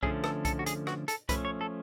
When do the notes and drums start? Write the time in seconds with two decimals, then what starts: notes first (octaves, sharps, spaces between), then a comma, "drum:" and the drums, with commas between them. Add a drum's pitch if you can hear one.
0.03 D3 F3 A3 C#4 G#4, drum: kick C2
0.24 A4, drum: rim click
0.45 A4, drum: kick C2, hi-hat
0.59 F#4
0.66 G#4, drum: hi-hat
0.87 F#4, drum: rim click
1.08 A4, drum: hi-hat
1.29 F3 A3 C#4 B4, drum: kick C2, hi-hat
1.45 C#5
1.61 A4